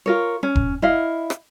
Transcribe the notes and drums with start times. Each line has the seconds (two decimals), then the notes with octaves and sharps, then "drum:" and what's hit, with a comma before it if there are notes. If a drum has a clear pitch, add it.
0.06 F4 A#4 C#5
0.43 C#4
0.55 drum: kick E1
0.82 E4 D#5 F5
1.30 drum: rim click